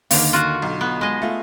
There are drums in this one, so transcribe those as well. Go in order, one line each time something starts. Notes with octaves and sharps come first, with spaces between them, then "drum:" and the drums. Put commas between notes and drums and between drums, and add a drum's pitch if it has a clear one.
D#2 D3 D#3 A#3, drum: open hi-hat
F4 F#4 F#5
B1
B3
G#3 D#5
A3 F4